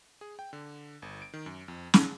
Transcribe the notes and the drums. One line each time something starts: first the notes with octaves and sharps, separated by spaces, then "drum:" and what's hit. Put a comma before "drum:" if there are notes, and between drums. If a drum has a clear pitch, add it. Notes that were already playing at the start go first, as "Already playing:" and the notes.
G#4
G5
D3
G1
D7
D#3
F#2
F2
G#4, drum: snare